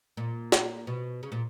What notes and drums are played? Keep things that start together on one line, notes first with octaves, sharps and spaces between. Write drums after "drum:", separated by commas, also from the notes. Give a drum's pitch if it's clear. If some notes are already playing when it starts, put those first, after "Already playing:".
A#2
drum: snare
B2
C#3
A#2